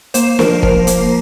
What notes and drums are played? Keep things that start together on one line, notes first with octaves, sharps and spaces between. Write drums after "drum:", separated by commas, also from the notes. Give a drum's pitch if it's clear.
A#3 C5, drum: hi-hat
F3 A#4, drum: snare
F3 A#4, drum: kick
A#3, drum: hi-hat